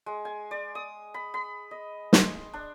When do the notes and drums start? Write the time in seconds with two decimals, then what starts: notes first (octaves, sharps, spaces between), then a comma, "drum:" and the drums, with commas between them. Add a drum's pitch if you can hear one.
0.06 G#3
0.25 G#5
0.51 D5
0.75 D#6
1.14 B5
1.34 B5
1.71 D#5
2.13 C6, drum: snare
2.53 D4